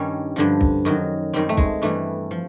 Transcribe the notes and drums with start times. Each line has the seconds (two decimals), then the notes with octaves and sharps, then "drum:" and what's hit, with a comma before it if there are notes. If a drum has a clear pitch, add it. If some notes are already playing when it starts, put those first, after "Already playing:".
Already playing: G2 D#3 G3 C#4
0.36 G2 D3 F3
0.61 drum: kick
0.85 F#2 D#3 F#3
1.33 F#2 D#3 G3 C4
1.49 A3
1.57 G#3, drum: kick
1.82 G2 E3 G3 A3
2.31 F3